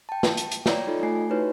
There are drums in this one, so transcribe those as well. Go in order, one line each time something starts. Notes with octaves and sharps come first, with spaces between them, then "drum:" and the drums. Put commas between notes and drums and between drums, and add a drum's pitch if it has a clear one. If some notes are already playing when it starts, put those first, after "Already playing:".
G5 A5
drum: snare
drum: hi-hat
drum: hi-hat
C#5 D5 G5 A#5, drum: snare
D#4 F4 A4 D#5
A3 G#5 C7
D#4 E4 F#4 B4 C#5